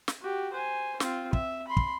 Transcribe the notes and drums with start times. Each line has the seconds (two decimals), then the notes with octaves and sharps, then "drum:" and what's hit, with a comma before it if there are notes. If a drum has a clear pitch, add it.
0.08 drum: snare
0.21 F#4 G4
0.53 C5 G#5
1.00 C4 F4, drum: snare
1.33 E5, drum: kick
1.67 B5 C6
1.77 drum: kick